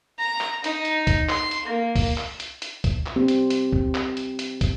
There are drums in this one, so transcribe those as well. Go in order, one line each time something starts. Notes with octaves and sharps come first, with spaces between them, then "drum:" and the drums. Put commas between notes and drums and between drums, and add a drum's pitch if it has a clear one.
A#5
drum: clap
D#4, drum: hi-hat
drum: hi-hat
drum: kick, hi-hat
C6, drum: clap
drum: hi-hat
A#3
drum: kick, open hi-hat
drum: clap
drum: hi-hat
drum: hi-hat
drum: kick, hi-hat
drum: clap
C4 G4
drum: hi-hat
drum: hi-hat
drum: kick
drum: clap
drum: hi-hat
drum: hi-hat
drum: kick, hi-hat